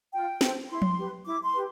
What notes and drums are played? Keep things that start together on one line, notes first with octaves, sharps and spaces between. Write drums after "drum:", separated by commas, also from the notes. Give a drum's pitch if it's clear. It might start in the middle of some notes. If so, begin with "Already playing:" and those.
F4 G5
A4 C5, drum: snare
E4 C6
drum: tom F3
G4 B4
E4 D6
C6
G4 B4